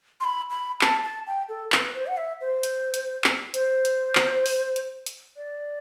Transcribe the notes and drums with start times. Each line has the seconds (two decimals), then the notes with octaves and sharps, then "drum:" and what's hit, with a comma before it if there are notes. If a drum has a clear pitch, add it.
0.20 C6
0.25 B5
0.51 B5
0.81 A5, drum: clap
1.04 A5
1.27 G5
1.49 A4
1.72 B4, drum: clap
1.94 C5
2.07 F#5
2.17 E5
2.41 C5
2.63 drum: hi-hat
2.94 drum: hi-hat
3.24 drum: clap
3.54 C5, drum: hi-hat
3.85 drum: hi-hat
4.15 drum: clap
4.46 drum: open hi-hat
4.76 drum: hi-hat
5.06 drum: hi-hat
5.37 D5